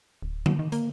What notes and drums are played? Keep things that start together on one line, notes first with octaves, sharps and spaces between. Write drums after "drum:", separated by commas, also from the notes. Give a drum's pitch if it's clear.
D1
F#3, drum: tom D3
D#3
A#3, drum: hi-hat